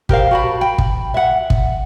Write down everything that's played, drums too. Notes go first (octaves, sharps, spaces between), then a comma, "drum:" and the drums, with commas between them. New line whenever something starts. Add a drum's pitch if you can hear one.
G4 A#4 C5 F5, drum: kick
F#4 A5 B5
G5 B5
drum: kick
E5 F#5
drum: kick